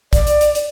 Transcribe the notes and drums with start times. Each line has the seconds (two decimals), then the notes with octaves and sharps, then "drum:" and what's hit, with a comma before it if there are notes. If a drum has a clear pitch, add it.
0.13 D5, drum: kick, hi-hat
0.27 drum: hi-hat
0.41 drum: hi-hat
0.55 drum: hi-hat